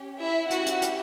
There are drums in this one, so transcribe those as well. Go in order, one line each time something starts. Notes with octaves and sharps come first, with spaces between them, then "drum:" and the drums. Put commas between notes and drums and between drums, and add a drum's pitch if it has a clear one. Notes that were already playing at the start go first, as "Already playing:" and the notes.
Already playing: C#4 G4
E4 E5
C#4 E4 F#4 G4 F#5, drum: hi-hat
drum: hi-hat
drum: hi-hat